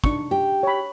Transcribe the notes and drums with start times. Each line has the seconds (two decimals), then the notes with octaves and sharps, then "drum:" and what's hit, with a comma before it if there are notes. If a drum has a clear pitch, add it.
0.04 D4 D#4 C#6, drum: kick
0.31 G4
0.63 C#5 B5